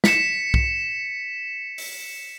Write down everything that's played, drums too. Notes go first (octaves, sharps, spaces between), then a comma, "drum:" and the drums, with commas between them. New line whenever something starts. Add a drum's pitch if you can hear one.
B6 C#7 E7, drum: snare
drum: kick B1
drum: open hi-hat